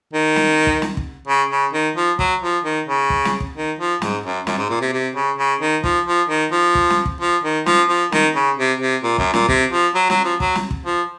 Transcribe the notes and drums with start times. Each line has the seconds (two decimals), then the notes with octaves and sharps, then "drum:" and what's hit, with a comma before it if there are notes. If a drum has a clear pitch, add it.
0.13 D#3
0.36 drum: snare
0.67 drum: kick
0.82 drum: snare
0.97 drum: kick
1.27 C#3
1.50 C#3
1.73 D#3
1.96 F3
2.19 F#3, drum: kick
2.42 F3
2.64 D#3
2.87 C#3
3.10 drum: kick
3.25 drum: snare
3.40 drum: kick
3.56 D#3
3.79 F3
4.02 G#2, drum: snare
4.24 F#2
4.47 F#2, drum: snare
4.58 G#2
4.70 A#2
4.81 C3
4.93 C3
5.15 C#3
5.38 C#3
5.61 D#3
5.84 F3, drum: kick
6.06 F3
6.29 D#3
6.52 F3
6.75 drum: kick
6.90 drum: snare
7.06 drum: kick
7.21 F3
7.44 D#3
7.66 F3, drum: snare
7.89 F3
8.12 D#3, drum: snare
8.35 C#3
8.57 C3
8.80 C3
9.04 A#2
9.18 F#2, drum: kick
9.34 A#2, drum: snare
9.49 C3, drum: kick
9.72 F3
9.95 F#3
10.10 F#3, drum: snare
10.24 F3
10.40 F#3, drum: kick
10.55 drum: snare
10.71 drum: kick
10.86 F3